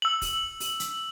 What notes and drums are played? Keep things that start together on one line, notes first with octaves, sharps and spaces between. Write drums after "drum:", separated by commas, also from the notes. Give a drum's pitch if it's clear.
E6 F#7
drum: kick, open hi-hat
drum: open hi-hat
drum: hi-hat